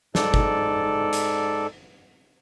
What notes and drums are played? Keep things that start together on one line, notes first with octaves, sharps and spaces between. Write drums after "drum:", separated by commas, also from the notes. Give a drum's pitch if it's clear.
G#2 A4 D5, drum: snare
drum: kick G1
drum: hi-hat